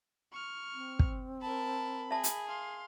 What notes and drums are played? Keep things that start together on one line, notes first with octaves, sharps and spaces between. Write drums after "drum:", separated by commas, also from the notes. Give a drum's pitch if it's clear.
C#6 F6
C4
drum: kick
A#4 A5 B5
G#4 E5 A5
drum: hi-hat
F5 C6